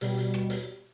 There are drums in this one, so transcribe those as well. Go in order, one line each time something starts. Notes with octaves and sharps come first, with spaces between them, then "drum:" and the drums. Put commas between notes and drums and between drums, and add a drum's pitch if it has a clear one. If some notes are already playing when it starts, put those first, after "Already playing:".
B2 G3, drum: hi-hat
drum: hi-hat
drum: rim click
drum: hi-hat